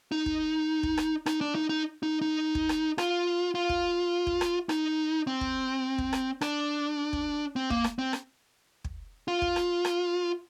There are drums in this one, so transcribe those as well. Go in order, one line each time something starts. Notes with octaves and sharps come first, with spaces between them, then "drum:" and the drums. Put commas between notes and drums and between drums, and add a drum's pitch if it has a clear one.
D#4
drum: kick
drum: kick
drum: rim click
D#4, drum: rim click
D4
D#4
D#4
D#4
D#4
drum: kick
drum: rim click
F4, drum: rim click
F4
drum: kick
drum: kick
drum: rim click
D#4, drum: rim click
C4
drum: kick
drum: kick
drum: rim click
D4, drum: rim click
drum: kick
C4
A#3, drum: kick
drum: rim click
C4
drum: rim click
drum: kick
F4
drum: kick
drum: rim click
drum: rim click